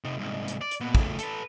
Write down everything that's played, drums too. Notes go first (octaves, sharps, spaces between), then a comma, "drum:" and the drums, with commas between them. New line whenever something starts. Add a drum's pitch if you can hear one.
C3 D#4
C2 G#2
drum: hi-hat
D5
drum: hi-hat
A#2 B3
C#3 A3, drum: kick
A4 B4, drum: hi-hat